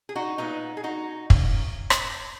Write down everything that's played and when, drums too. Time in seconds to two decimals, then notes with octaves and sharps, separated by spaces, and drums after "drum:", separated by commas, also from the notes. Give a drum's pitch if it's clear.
0.09 G#4
0.15 D#4 F#4
0.38 A#2 G#3 B3 D#4
0.77 G#4
0.84 D#4 F#4
1.30 D#3 A#3 C#4, drum: kick
1.90 drum: rim click